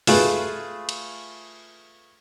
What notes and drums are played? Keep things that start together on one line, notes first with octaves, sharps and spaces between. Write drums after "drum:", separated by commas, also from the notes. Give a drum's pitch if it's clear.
A3 F4 G#4 B4, drum: open hi-hat
drum: cymbal